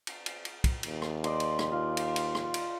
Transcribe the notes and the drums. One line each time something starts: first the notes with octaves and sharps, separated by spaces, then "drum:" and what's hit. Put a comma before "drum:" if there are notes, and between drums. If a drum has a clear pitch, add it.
drum: cymbal
drum: cymbal
drum: cymbal
drum: kick, cymbal
D#2, drum: cymbal
drum: rim click
D5 D#5 C6, drum: cymbal
drum: cymbal
drum: rim click
F4
drum: cymbal
drum: cymbal
drum: rim click
drum: cymbal